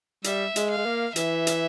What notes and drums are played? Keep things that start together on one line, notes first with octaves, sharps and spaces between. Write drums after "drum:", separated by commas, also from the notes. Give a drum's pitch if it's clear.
G3 E5, drum: hi-hat
G#3, drum: hi-hat
F5
G#3
A#3
E3 E5, drum: hi-hat
drum: hi-hat